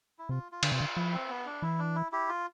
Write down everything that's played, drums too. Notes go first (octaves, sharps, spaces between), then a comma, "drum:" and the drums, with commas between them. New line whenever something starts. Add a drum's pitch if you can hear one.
E4
C3 F4
F4
D3, drum: cymbal
C3 F4
D3
F3 E4
C4
B3
D4
E3 E4
D4
E4
E4 G4
F4